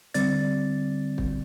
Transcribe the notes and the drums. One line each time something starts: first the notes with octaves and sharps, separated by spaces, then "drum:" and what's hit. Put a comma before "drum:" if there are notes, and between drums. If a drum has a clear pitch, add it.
D3 G3 C4 D5 A6, drum: hi-hat
drum: kick